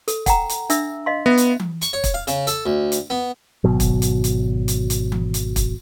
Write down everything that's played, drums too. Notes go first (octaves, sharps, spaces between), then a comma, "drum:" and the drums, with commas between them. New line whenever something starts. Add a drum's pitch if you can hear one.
A4, drum: hi-hat
F#5 G5 A#5, drum: kick, hi-hat
drum: hi-hat
D4 E5 E6, drum: hi-hat
D#5 F5 C6
B3 E5
drum: hi-hat
drum: tom E3
C#6, drum: hi-hat
C#5
drum: kick, hi-hat
F5
C#3, drum: hi-hat
A4, drum: hi-hat
D2
drum: hi-hat
B3
G#1 B2 F#3
drum: kick, hi-hat
drum: hi-hat
drum: hi-hat
drum: hi-hat
drum: hi-hat
drum: tom E3
drum: hi-hat
drum: kick, hi-hat